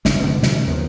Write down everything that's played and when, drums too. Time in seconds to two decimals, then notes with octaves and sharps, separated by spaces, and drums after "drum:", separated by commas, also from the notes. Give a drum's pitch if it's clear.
0.05 F#1 G2 D#3 C#4, drum: snare
0.22 B2 D3 F3 G#3
0.43 C3 D#3 G3 C#4, drum: snare
0.68 D#2 D#3 F3 B3